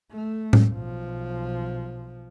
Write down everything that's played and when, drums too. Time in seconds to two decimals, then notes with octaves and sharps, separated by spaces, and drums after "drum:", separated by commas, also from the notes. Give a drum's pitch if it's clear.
0.11 A3
0.53 drum: tom A2
0.69 B1 F3